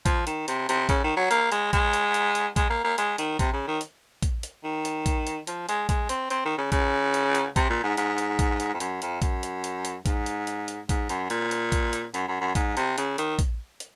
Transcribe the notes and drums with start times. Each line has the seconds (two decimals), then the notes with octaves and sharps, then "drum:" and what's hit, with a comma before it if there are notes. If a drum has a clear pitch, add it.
0.06 F3, drum: kick, hi-hat
0.27 D#3, drum: hi-hat
0.48 C3, drum: hi-hat
0.69 C3, drum: hi-hat
0.89 C#3, drum: kick, hi-hat
1.04 D#3
1.16 F#3
1.31 A#3, drum: hi-hat
1.52 G#3, drum: hi-hat
1.73 G#3, drum: kick, hi-hat
1.93 drum: hi-hat
2.14 drum: hi-hat
2.35 drum: hi-hat
2.56 G#3, drum: kick, hi-hat
2.70 A#3
2.84 A#3
2.98 G#3, drum: hi-hat
3.18 D#3, drum: hi-hat
3.39 C3, drum: kick, hi-hat
3.53 C#3
3.67 D#3
3.81 drum: hi-hat
4.22 drum: kick, hi-hat
4.43 drum: hi-hat
4.64 D#3
4.85 drum: hi-hat
5.06 drum: kick, hi-hat
5.27 drum: hi-hat
5.47 F3, drum: hi-hat
5.69 G#3, drum: hi-hat
5.89 G#3, drum: kick, hi-hat
6.09 C4, drum: hi-hat
6.30 C4, drum: hi-hat
6.45 D#3
6.58 C#3
6.72 C#3, drum: kick, hi-hat
7.14 drum: hi-hat
7.35 drum: hi-hat
7.56 C3, drum: kick, hi-hat
7.70 A#2
7.83 G#2
7.97 G#2, drum: hi-hat
8.18 drum: hi-hat
8.39 drum: kick, hi-hat
8.60 drum: hi-hat
8.74 F2
8.80 F#2, drum: hi-hat
9.02 F2, drum: hi-hat
9.22 F#2, drum: kick, hi-hat
9.43 drum: hi-hat
9.64 drum: hi-hat
9.85 drum: hi-hat
10.06 G#2, drum: kick, hi-hat
10.26 drum: hi-hat
10.47 drum: hi-hat
10.68 drum: hi-hat
10.89 G#2, drum: kick, hi-hat
11.09 F#2, drum: hi-hat
11.30 A#2, drum: hi-hat
11.51 drum: hi-hat
11.72 drum: kick, hi-hat
11.93 drum: hi-hat
12.14 F#2, drum: hi-hat
12.28 F#2
12.41 F#2
12.55 G#2, drum: kick, hi-hat
12.77 C3, drum: hi-hat
12.98 C#3, drum: hi-hat
13.18 D#3, drum: hi-hat
13.39 drum: kick, hi-hat
13.80 drum: hi-hat